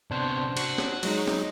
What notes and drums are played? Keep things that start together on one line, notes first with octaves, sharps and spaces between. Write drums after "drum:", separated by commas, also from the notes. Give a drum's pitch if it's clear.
C3 B3 D4 C5
F#4, drum: cymbal
drum: snare
F#3 G#3 D#4, drum: cymbal
drum: snare